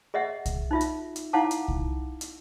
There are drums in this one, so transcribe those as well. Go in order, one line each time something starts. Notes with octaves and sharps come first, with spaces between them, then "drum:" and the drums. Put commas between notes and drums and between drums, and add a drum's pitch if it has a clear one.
G#4 D#5 E5 F#5
drum: kick C2, hi-hat
D#4 F4 E5
drum: hi-hat
drum: hi-hat
D#4 E4 F5 F#5 A5 D6
drum: hi-hat
drum: kick C2
drum: hi-hat